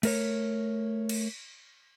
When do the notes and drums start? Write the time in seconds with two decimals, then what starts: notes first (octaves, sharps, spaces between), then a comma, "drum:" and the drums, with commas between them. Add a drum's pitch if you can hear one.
0.03 A3 A#4 C#5, drum: cymbal
1.09 drum: cymbal